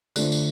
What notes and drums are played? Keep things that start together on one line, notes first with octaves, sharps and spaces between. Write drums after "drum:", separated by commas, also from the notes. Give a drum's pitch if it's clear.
D3 A3 D4 F4 C5, drum: tambourine
drum: tambourine